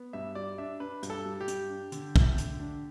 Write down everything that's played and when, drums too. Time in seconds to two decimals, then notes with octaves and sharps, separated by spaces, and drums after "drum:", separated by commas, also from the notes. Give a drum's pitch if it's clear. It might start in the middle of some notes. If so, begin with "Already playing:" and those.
Already playing: B3
0.13 G2 E5
0.35 G3 D5
0.58 D4 E5
0.80 D4 B4
1.03 G2, drum: hi-hat
1.10 A4
1.26 G3
1.41 G4
1.48 G2, drum: hi-hat
1.70 D4
1.92 D3, drum: hi-hat
2.16 A3, drum: kick
2.38 D3, drum: hi-hat
2.59 D4